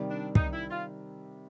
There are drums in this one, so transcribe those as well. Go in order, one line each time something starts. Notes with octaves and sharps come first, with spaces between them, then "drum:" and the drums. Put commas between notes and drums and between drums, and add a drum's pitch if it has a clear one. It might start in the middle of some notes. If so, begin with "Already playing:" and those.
Already playing: C3 D#3 G3
D4
D#4, drum: kick
E4
F4